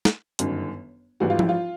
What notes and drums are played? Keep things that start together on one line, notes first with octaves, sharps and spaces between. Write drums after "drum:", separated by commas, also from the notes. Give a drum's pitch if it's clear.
drum: snare
G1 F#2 D#3, drum: hi-hat
G#1 G#2 E3 G3 F#4
F4
E4, drum: tom F3
F4